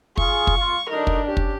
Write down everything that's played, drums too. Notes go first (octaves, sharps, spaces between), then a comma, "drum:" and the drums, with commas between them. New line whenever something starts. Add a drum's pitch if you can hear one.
F4 G#4 C#6, drum: kick
drum: kick
F4
D3 F#3 D4 D#4 A#4
drum: kick
C#4 D4 G4
drum: kick